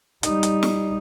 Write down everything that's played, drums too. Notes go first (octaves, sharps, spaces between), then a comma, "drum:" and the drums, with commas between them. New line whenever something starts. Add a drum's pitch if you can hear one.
G3 D#4, drum: hi-hat
drum: hi-hat
drum: snare